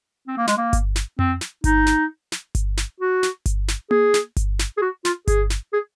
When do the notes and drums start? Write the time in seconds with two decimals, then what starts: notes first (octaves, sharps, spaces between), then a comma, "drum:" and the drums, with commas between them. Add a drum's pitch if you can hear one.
0.27 C4
0.37 A#3
0.47 G#3, drum: snare
0.57 A#3
0.73 drum: kick G1, hi-hat
0.96 drum: snare
1.19 C4, drum: tom F2
1.41 drum: snare
1.64 D#4, drum: kick G1, hi-hat
1.86 drum: snare
2.32 drum: snare
2.55 drum: kick G1, hi-hat
2.77 drum: snare
3.00 F#4
3.23 drum: snare
3.46 drum: kick G1, hi-hat
3.68 drum: snare
3.91 G#4, drum: tom A#3
4.14 drum: snare
4.37 drum: kick G1, hi-hat
4.59 drum: snare
4.78 G#4
4.82 F#4
5.05 F4, drum: snare
5.28 G#4, drum: kick G1, hi-hat
5.50 drum: snare
5.73 G#4